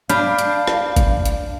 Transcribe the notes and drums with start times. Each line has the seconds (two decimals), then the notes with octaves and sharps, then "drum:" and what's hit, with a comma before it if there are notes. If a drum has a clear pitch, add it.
0.10 D4 F5 B5 F6 G6, drum: hi-hat
0.39 drum: hi-hat
0.67 drum: rim click
0.96 drum: kick G1, hi-hat
1.25 drum: hi-hat